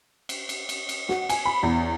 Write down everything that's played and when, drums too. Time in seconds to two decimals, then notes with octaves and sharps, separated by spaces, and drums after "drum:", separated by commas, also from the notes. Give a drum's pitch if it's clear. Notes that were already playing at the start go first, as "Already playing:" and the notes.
0.29 drum: cymbal
0.49 drum: cymbal
0.69 drum: cymbal
0.89 drum: cymbal
1.09 F#4, drum: snare
1.29 G#5, drum: cymbal
1.45 B5
1.63 E2